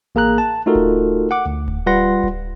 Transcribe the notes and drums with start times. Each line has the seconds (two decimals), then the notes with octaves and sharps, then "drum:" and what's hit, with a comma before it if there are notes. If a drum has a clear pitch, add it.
0.15 A1 A#3 G#4 A#5 F#6
0.38 A5
0.66 A3 D#4 F4 F#4 A4 A#4
0.75 drum: kick D1
1.31 F#5 D6
1.46 D2
1.68 drum: kick D1
1.86 G3 F4 B4 F#5 C6 A#6
2.23 drum: kick D1